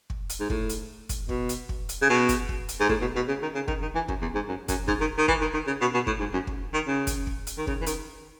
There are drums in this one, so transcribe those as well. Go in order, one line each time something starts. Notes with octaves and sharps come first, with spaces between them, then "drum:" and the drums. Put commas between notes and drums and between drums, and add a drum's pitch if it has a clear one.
drum: kick
drum: hi-hat
G#2
A2, drum: kick
drum: hi-hat
drum: kick, hi-hat
B2, drum: kick
drum: hi-hat
drum: kick
drum: hi-hat
C#3
B2
drum: kick, hi-hat
drum: kick
drum: hi-hat
G#2
A2, drum: kick
B2
B2
C#3
D#3
C#3
D#3, drum: kick
D#3
E3
F#2, drum: kick
E2
G#2
F#2
F#2, drum: kick, hi-hat
G#2, drum: kick
D#3
D#3
E3, drum: kick
D#3
D#3
C#3
B2
B2
A2, drum: kick
G#2
F#2
drum: kick
D#3
C#3
drum: kick, hi-hat
drum: kick
drum: hi-hat
D#3
C#3, drum: kick
E3
D#3, drum: hi-hat